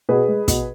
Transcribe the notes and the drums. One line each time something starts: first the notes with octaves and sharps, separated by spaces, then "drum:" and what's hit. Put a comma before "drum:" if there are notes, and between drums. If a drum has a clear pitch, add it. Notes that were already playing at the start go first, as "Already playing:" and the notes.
B2 G#4 B4
G#3
B2, drum: kick, hi-hat